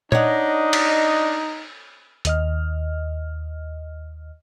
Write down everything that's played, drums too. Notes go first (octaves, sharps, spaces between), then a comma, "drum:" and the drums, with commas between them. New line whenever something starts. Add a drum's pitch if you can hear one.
D4 D#4 C#5 D#5 F#5, drum: tom A#2
drum: cymbal
D#2 D#5 F6, drum: hi-hat